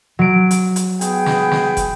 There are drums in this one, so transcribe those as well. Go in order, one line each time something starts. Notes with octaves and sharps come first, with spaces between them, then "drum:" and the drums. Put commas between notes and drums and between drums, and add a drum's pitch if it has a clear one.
F#3 D7
drum: hi-hat
drum: hi-hat
B3 G#4 G5, drum: hi-hat
drum: snare
drum: snare
drum: kick, hi-hat